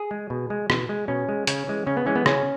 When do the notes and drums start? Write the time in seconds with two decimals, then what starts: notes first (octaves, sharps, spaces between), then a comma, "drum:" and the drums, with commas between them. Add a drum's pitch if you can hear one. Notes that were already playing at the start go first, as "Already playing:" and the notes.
Already playing: G#4
0.11 G#3
0.30 B2
0.50 G#3
0.70 B2, drum: rim click
0.89 G#3
1.08 B2 C#4
1.29 G#3
1.47 C#3 C#4, drum: hi-hat
1.67 E3 G#3
1.87 C#3 C#4
1.97 B3
2.06 E3 G#3 C#4
2.16 B3
2.26 C#3 C#4, drum: rim click